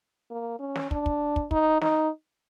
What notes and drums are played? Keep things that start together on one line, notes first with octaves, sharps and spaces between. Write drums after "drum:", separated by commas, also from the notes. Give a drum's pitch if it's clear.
A#3
C#4
drum: snare
D4, drum: kick
drum: kick
drum: kick
D#4, drum: kick
D#4, drum: snare